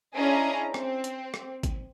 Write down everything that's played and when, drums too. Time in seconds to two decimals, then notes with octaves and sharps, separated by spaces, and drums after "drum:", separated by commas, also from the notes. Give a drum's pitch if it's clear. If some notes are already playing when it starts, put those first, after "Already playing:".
0.15 C#4 D4 E4 G#4 D#5 A#5
0.74 C4, drum: rim click
1.04 drum: hi-hat
1.34 drum: rim click
1.63 drum: kick G#1, hi-hat